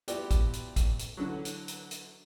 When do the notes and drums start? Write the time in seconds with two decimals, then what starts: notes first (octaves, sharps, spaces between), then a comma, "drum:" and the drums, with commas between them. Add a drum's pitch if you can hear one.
0.08 F3 B3 E4 F#4 G4 D5, drum: hi-hat
0.31 drum: kick, hi-hat
0.53 drum: hi-hat
0.76 drum: kick, hi-hat
0.99 drum: hi-hat
1.17 D3 E3 F#3
1.45 drum: hi-hat
1.68 drum: hi-hat
1.91 drum: hi-hat